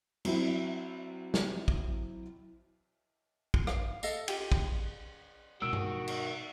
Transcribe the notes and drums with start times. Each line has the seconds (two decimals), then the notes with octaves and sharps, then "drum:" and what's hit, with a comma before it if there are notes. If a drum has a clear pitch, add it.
0.25 F#3 C4 E4 F#4, drum: cymbal
1.34 drum: snare
1.68 drum: kick
3.54 drum: kick
3.67 F5, drum: rim click
4.03 A4 D#5 F5, drum: tambourine
4.28 F4 G4 G5, drum: cymbal
4.52 drum: kick
5.62 B2 D#3 G#3 F#4 E6 D7
5.73 drum: tom G2
6.08 drum: cymbal